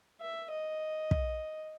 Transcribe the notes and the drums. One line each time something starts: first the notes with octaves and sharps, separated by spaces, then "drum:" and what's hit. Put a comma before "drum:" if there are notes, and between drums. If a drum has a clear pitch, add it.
E5
D#5
drum: kick